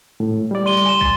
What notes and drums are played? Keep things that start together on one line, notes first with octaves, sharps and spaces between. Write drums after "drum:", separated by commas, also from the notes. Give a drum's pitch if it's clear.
A2
G3 D5
C6 D#7 G7
drum: tambourine
G#5 C6 E7
A6, drum: kick